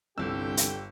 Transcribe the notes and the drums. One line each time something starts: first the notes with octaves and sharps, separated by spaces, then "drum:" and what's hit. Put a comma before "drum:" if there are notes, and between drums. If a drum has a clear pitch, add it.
G1 C2 D3 G4 G5 E6
drum: hi-hat